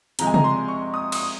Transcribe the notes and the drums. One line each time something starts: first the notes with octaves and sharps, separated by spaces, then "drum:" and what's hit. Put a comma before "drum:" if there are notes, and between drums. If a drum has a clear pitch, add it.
C3 F3 G#3 A#5, drum: hi-hat
G#5
A#5, drum: tom C#3
C6
C#6
D#6
D#6, drum: cymbal